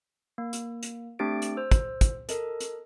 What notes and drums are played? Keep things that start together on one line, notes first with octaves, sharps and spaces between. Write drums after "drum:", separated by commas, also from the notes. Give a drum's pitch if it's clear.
A#3
drum: hi-hat
drum: hi-hat
A3 C4 D4 G4 A6 D7
drum: hi-hat
C5 E6
drum: kick, hi-hat
drum: kick, hi-hat
A4 A#4 D#5, drum: hi-hat
drum: hi-hat